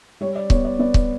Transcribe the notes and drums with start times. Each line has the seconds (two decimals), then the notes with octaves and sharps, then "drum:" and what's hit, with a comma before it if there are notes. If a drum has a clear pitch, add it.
0.21 G3 C#5
0.35 D5
0.50 B3 C#5, drum: kick C#1
0.65 D5
0.79 B3 D5
0.94 drum: kick C#1